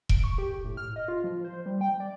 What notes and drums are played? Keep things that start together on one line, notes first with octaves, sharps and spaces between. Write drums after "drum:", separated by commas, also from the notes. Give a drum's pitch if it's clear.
D7, drum: kick E1
C#6
G4
A2
F6
D#5
F4
F3
C5
G3
G5
D5